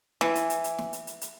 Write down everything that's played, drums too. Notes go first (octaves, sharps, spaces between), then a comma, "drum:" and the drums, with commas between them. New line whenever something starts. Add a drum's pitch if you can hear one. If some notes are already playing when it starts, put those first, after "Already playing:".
E3, drum: snare
drum: hi-hat
drum: hi-hat
drum: hi-hat
drum: snare
drum: hi-hat
drum: hi-hat
drum: hi-hat